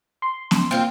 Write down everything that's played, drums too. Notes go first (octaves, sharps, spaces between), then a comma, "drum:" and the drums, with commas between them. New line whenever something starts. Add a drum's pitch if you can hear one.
C6
drum: snare
A#3 C4 F4